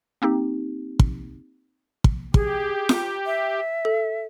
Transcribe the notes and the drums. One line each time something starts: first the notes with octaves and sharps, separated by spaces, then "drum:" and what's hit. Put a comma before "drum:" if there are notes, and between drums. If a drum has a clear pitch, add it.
A#3 C4 D#4 G4
drum: kick
drum: kick
G4 G#4, drum: kick
drum: snare F4
E5
A4